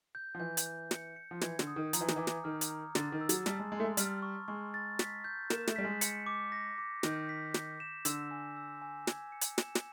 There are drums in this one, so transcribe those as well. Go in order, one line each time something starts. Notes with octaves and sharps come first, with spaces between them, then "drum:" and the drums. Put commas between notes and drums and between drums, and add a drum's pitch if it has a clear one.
G6
F3
E3 G6
drum: hi-hat
G6
C#7, drum: snare
C#7
F3
E3 G#6, drum: snare
D3, drum: snare
D#6
D#3
F3 A#5, drum: hi-hat
E3
D#3, drum: snare
E3 D6
drum: snare
D#3 F6
drum: hi-hat
A#5
D3 A6, drum: snare
D#3
E6
F#3, drum: hi-hat
G3 A5, drum: snare
G#3
G#3 C6
A3
G#3
G3 F6, drum: hi-hat
C#6
G#3 C#6
A6
B6, drum: snare
G6
A#3 E7, drum: snare
A3, drum: snare
G3 B6
G#3
C#7, drum: hi-hat
D6
A#6
D6
D#3 G6, drum: snare
B6
G6, drum: snare
E7
D3 E6, drum: hi-hat
G#5
E6
G#5
G#6, drum: snare
C#7
drum: hi-hat
E7, drum: snare
drum: snare